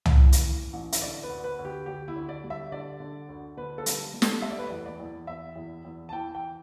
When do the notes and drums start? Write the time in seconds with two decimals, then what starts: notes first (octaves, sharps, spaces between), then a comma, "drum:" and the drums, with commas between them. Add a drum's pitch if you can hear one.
0.05 drum: tom
0.16 A2
0.32 drum: hi-hat
0.44 E3
0.73 A1
0.92 E5, drum: hi-hat
1.02 D3 D5
1.23 B4
1.29 D2
1.44 B4
1.59 D2
1.65 G4
1.86 D2 G4
2.08 E4
2.16 D2
2.29 D5
2.44 G3
2.50 E5
2.72 D3 D5
3.00 D3
3.29 D2
3.57 D3 B4
3.78 A4
3.86 G3, drum: hi-hat
4.14 G3
4.22 A4, drum: snare
4.42 A3 E5
4.51 D5
4.59 B4
4.67 E2 D5
4.86 D5
5.00 E2
5.27 E2 E5
5.56 E2
5.85 E2
6.09 A5
6.13 E3 G5
6.35 G5